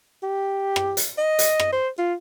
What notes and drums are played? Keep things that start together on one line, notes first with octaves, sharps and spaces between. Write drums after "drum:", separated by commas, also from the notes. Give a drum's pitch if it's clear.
G4
drum: rim click
drum: hi-hat
D#5
drum: hi-hat
drum: rim click
C5
F4